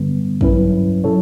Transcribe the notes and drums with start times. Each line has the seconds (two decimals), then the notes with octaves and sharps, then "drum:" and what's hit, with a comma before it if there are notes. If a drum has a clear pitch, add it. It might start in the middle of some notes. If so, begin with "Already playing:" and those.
Already playing: G2 D3 G3 B3
0.41 G2 F#3 C#4 E4 B4, drum: kick
1.04 F#3 C#4 E4 A4 C#5